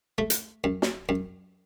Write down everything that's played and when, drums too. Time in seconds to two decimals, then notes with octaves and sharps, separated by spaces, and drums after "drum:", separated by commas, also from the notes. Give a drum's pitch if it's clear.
0.18 A3
0.30 drum: hi-hat
0.64 F#2
0.82 drum: snare
1.09 F#2